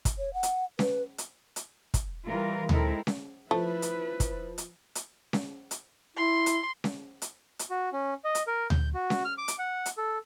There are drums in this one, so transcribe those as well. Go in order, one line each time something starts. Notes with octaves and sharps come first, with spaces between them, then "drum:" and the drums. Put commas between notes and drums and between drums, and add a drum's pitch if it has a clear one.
drum: kick, hi-hat
C#5
F#5
drum: hi-hat
B4, drum: snare C#4
drum: hi-hat
drum: hi-hat
drum: kick, hi-hat
E3 G3 F4 A#4
G#3 C4 D#4 E4 A4 A#4, drum: tom D2
drum: snare C#4
F3 A3 E4 B4
drum: hi-hat
drum: kick, hi-hat
drum: hi-hat
drum: hi-hat
drum: snare C#4
drum: hi-hat
E4 C6
drum: hi-hat
drum: snare C#4
drum: hi-hat
drum: hi-hat
F#4
C#4
D#5
drum: hi-hat
A#4
G6, drum: tom D2
F#4
drum: snare C#4
F6
D6
drum: hi-hat
F#5
drum: hi-hat
A4